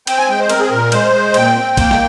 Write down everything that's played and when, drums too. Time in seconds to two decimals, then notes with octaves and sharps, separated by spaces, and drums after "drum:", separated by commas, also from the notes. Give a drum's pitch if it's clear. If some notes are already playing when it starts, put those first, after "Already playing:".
0.07 C4 G5, drum: cymbal
0.18 G#5
0.29 G#3 G5
0.39 C5
0.49 C4 A#4, drum: cymbal
0.60 G#4
0.70 A#2 A#4
0.92 G#3 C5, drum: cymbal
1.13 G#3
1.34 A#2 G5, drum: cymbal
1.56 C4
1.77 A#3, drum: kick A1, cymbal
1.91 drum: snare